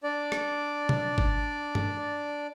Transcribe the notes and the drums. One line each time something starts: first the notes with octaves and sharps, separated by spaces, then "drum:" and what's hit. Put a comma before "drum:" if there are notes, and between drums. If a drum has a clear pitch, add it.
D4 D5
drum: rim click
drum: tom
drum: kick
drum: tom G2